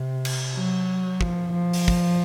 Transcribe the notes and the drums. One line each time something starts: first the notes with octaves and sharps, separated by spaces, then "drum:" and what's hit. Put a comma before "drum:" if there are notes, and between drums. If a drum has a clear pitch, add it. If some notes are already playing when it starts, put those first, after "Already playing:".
Already playing: C3
drum: cymbal
F#3
F3, drum: kick
F3
drum: open hi-hat
drum: kick